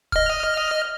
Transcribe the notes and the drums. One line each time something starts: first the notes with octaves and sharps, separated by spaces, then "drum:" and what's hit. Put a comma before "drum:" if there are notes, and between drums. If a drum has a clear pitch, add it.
D#5 F6, drum: kick D#1